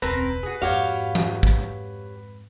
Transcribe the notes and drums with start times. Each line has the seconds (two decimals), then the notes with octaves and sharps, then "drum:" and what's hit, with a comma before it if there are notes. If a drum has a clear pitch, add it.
0.02 E1 C#2 C4 A#4 B4 A5, drum: hi-hat
0.43 F#4 G#4
0.62 F2 G#2 F#4 G4 C#5 F5
1.15 drum: tom E3
1.43 drum: kick